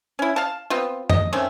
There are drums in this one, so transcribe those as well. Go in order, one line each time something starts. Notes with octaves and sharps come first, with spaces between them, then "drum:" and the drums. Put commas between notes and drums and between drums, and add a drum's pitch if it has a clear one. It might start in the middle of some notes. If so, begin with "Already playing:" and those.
C#4 E4
F5 A5
B3 C4 F4
D#5, drum: tom F#2
D#3 A3 C4 C#4